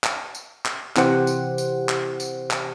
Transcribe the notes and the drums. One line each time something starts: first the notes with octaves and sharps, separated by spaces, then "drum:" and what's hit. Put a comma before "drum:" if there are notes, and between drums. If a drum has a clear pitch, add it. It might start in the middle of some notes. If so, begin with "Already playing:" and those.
drum: clap
drum: tambourine
drum: clap
C3 E3 G4 C5 F#5, drum: clap
drum: tambourine
drum: tambourine
drum: clap
drum: tambourine
drum: clap